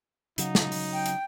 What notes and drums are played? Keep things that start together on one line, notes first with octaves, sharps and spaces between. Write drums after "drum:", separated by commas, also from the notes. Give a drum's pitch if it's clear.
C#3 F#3 D#4, drum: hi-hat
drum: snare
drum: open hi-hat
G5
drum: hi-hat